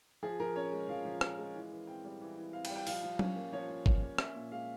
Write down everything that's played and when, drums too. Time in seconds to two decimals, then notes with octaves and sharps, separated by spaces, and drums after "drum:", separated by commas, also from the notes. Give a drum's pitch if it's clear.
0.23 F3 G#4
0.40 F3 A#4
0.56 C#4 C#5
0.72 G#3
0.89 F3 F5
1.05 F3
1.21 C#4, drum: rim click
1.38 G#3
1.55 E3
1.71 E3
1.87 C4 G5
2.05 G3
2.21 E3
2.37 E3
2.53 C4 F5
2.65 G5, drum: cymbal
2.70 G3
2.76 G5
2.87 F3 F5, drum: open hi-hat
3.03 F3
3.19 C#4, drum: tom F#3
3.36 A#3
3.52 F3 C#5
3.70 F3
3.86 C#4, drum: kick
4.03 A#3
4.18 C#4 E5, drum: rim click
4.35 A#2
4.52 G#3 F5